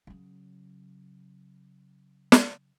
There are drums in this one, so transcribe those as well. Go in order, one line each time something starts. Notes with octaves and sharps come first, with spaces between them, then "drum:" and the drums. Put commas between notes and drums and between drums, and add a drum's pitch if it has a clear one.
C#3 F#3
drum: snare